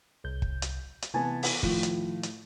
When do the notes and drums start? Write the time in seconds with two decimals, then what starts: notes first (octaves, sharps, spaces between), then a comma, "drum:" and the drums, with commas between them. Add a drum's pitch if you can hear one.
0.24 C2 G6
0.42 drum: kick
0.62 drum: hi-hat
1.02 drum: hi-hat
1.14 C3 E3 B3 G#5 A5
1.43 drum: open hi-hat
1.63 A2 D#3 F3 F4, drum: kick
1.83 drum: hi-hat
2.23 drum: hi-hat